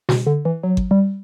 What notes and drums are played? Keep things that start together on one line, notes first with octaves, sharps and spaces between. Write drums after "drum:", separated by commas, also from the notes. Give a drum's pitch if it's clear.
B2, drum: snare
D3
E3
F#3
drum: kick G1
G3